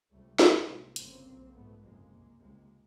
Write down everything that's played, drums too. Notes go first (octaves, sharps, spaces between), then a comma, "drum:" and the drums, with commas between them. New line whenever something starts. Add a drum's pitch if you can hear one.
C#2 C3 G3 A3
A1 A2 G#3 A#3, drum: snare
C2 C3
G1 F2 C#3 A#3 C4, drum: hi-hat
B1 A#2
A#1 G#2 A3 B3
F#1 F2 C3 G#3 A#3
C2 A#2
C#2 C3 G#3 A#3